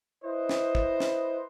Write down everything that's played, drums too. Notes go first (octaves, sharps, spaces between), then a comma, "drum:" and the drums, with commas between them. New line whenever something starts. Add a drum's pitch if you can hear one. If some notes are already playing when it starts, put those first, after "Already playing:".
E4 B4 C5 D#5
drum: snare
drum: kick
drum: snare